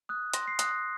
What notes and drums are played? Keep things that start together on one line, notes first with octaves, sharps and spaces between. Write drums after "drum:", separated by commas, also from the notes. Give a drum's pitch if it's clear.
D#6 F#6
C6 A#6, drum: hi-hat
C7
D#6 F#6 A#6, drum: hi-hat